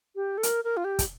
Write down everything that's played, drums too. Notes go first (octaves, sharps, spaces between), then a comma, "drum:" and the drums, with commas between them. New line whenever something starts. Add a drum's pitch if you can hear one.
G4
A4
A#4, drum: hi-hat
A#4
F4
G4
drum: kick, hi-hat